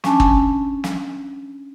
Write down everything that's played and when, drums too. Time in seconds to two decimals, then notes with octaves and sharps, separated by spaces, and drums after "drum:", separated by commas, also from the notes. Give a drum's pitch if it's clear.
0.04 C#4 D4 G#5 A5, drum: snare
0.20 drum: kick
0.84 drum: snare